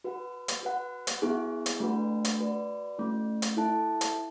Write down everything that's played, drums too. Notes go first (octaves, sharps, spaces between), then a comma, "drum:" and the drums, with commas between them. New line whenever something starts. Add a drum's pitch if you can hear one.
F#4 B4 F#5
drum: hi-hat
F#4 B4 F#5
drum: hi-hat
B3 E4 G#4
drum: hi-hat
A3 D4 F#4 B4 F#5
drum: hi-hat
F#4 B4 D5
A3 C#4 E4
drum: hi-hat
E4 A4 E5 A5
drum: hi-hat